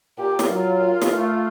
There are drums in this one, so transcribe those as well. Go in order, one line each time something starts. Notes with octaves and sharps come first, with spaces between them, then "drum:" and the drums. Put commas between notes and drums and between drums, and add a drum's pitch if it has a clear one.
A#2 G4
drum: snare
F#3 F4
A#2
drum: snare
A3